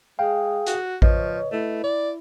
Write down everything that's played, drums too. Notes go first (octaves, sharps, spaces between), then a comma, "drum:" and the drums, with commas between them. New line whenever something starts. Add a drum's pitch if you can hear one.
G#3 G#4 F5 G5
F#4, drum: hi-hat
F3 B4 C#5 D#5, drum: kick A1
A3 E4
D5